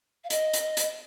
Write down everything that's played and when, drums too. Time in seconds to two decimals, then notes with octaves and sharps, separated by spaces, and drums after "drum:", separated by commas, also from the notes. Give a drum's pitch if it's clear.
0.24 F5
0.30 D#5, drum: hi-hat
0.54 drum: hi-hat
0.77 drum: hi-hat